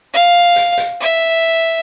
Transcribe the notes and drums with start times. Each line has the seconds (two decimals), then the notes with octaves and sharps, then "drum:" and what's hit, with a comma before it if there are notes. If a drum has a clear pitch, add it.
0.14 F5
0.56 drum: hi-hat
0.77 drum: hi-hat
1.00 E5